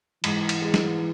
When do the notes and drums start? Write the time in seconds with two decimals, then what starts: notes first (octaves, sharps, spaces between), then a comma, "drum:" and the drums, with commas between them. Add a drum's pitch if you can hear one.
0.24 G#2 E3, drum: cymbal
0.49 drum: cymbal
0.62 G#3
0.74 drum: snare